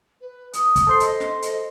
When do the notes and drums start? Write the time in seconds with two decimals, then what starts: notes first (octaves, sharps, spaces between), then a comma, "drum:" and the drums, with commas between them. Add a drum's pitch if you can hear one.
0.20 B4
0.53 D#6, drum: hi-hat
0.76 drum: kick, hi-hat
0.87 A4 C5 C6
1.00 D#5, drum: hi-hat
1.20 drum: snare
1.42 drum: hi-hat